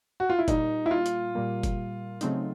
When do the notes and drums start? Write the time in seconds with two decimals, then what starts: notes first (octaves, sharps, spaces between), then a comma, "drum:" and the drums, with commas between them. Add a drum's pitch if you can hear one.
0.20 F#4
0.30 F4
0.39 E4
0.48 A#2 G3 A#3 D#4, drum: kick, hi-hat
0.86 E4
0.91 F4
1.06 drum: hi-hat
1.35 A#2 G3 A#3
1.63 drum: kick, hi-hat
2.21 C#3 F#3 A3 C4 D#4, drum: hi-hat